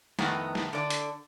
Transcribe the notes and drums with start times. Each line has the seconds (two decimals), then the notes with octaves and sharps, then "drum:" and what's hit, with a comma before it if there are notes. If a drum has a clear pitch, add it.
0.19 F2 A2 D#3 B3 D#4, drum: snare
0.55 drum: snare
0.73 D3 D5
0.90 drum: hi-hat